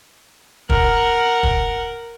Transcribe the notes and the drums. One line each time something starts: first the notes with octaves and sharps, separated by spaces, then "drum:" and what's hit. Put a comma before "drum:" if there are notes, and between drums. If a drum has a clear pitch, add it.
A#4 F#5, drum: kick
drum: kick